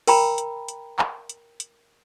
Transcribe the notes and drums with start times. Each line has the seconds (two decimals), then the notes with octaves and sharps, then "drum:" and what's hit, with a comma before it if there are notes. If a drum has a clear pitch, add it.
0.07 A#4 G5 A#5 B5, drum: open hi-hat
0.38 drum: hi-hat
0.68 drum: hi-hat
0.99 drum: clap
1.29 drum: hi-hat
1.60 drum: hi-hat